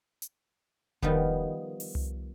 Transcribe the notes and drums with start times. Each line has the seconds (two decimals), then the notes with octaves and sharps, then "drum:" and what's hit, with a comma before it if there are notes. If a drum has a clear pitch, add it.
0.22 drum: hi-hat
1.02 D#3 F3 G3 B3, drum: kick E1
1.80 drum: open hi-hat
1.95 drum: tom C2